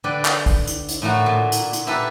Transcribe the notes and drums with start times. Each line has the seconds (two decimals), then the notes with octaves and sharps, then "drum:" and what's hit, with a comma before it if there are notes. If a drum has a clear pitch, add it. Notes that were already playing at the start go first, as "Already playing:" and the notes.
0.04 D3 B4 D5 G5
0.25 drum: clap
0.46 drum: kick, open hi-hat
0.67 drum: hi-hat
0.89 drum: hi-hat
1.02 A2 A3 A#3 F#4
1.26 A#2
1.52 drum: hi-hat
1.73 drum: hi-hat
1.87 A#3 E4 G4 A4 B4